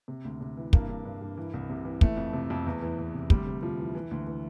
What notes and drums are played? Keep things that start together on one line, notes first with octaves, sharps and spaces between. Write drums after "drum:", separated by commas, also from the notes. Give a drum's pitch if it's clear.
C3
D2
C3
E3
G2 A#3, drum: kick
G2
G2
G2
E3
C2
C3
E3
E3 A3, drum: kick
F2
C3
F2
E2
E3
E2
C3
D2 G3, drum: kick
C3
D2 F3
E3
E3
D2
E3